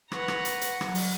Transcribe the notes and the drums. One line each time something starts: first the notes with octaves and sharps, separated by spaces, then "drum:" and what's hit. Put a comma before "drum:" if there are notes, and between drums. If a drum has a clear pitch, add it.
B4 F#5 A#5 C#6, drum: rim click
drum: rim click
drum: hi-hat
drum: hi-hat
F#3, drum: rim click
drum: open hi-hat